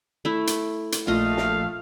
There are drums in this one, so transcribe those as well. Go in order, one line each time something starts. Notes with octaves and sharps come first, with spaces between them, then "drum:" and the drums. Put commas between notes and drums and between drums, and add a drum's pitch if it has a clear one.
A3 E4
drum: hi-hat
drum: hi-hat
A#1 A3 F4 D#5 F5
drum: snare